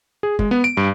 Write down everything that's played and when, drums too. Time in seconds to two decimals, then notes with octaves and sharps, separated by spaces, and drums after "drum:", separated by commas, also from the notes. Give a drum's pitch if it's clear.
0.23 G#4
0.39 G#3, drum: kick
0.51 B3
0.64 D7
0.77 G2